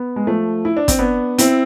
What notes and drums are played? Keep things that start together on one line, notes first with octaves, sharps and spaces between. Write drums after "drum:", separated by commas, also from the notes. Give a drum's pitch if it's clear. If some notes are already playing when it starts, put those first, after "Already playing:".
Already playing: B3
G#3
F3 A3
E4
D4
C4, drum: kick, hi-hat
B3 D4
C4 E4, drum: hi-hat